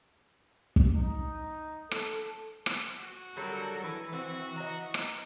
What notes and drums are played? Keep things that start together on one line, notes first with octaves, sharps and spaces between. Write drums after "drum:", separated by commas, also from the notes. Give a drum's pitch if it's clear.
drum: kick
D#4
A4, drum: rim click
drum: rim click
F#4
D3 F#3 G3 A4 A#4
E3 E4 B4
C4 F#4
D#5 A#5
drum: rim click